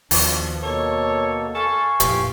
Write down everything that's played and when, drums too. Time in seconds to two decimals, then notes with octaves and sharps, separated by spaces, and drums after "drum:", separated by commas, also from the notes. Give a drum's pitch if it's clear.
0.11 D#2 B2 F3 D4, drum: open hi-hat
0.62 B2 A#3 A4 C#5
1.55 A4 F5 G#5 C#6
2.00 F1 A#2 E3 F4 G4, drum: hi-hat